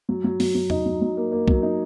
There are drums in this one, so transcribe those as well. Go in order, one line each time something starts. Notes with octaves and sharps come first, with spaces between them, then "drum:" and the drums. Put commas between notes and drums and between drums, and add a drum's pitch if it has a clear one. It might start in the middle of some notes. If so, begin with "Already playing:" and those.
F#3
F#3
F#3, drum: open hi-hat
F#3
D#4, drum: tom E2
F#3
F#3
A#3
A#3
F#3, drum: kick B1
D#4